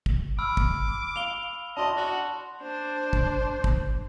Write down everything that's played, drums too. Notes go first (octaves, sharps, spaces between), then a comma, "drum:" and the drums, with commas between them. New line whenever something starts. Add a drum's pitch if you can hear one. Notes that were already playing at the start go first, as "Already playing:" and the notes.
drum: kick
B5 D6 E6 F6
drum: kick
F5 F7 G7
D4 F#4 D5 D#5 A5 C6
F#4 D5 F#5
D4 C5
drum: kick
drum: kick